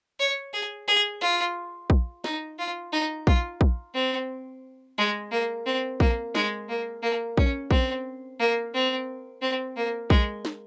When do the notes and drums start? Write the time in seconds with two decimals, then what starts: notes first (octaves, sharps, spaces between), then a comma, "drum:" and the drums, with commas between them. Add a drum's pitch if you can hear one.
0.19 C#5
0.53 G#4
0.88 G#4
1.21 F4
1.90 drum: kick A#1
2.24 D#4, drum: snare
2.59 F4
2.93 D#4
3.27 F4, drum: kick A#1
3.61 drum: kick A#1
3.94 C4
4.98 G#3
5.31 A#3
5.66 C4
6.00 A#3, drum: kick A#1
6.35 G#3, drum: snare
6.69 A#3
7.02 A#3
7.37 C#4, drum: kick A#1
7.71 C4, drum: kick A#1
8.40 A#3
8.74 C4
9.42 C4
9.76 A#3
10.10 G#3, drum: kick A#1
10.45 drum: snare